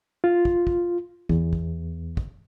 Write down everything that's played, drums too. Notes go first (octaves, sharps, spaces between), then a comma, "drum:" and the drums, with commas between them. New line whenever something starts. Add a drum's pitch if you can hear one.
F4
drum: kick
drum: kick
E2, drum: kick
drum: kick
drum: kick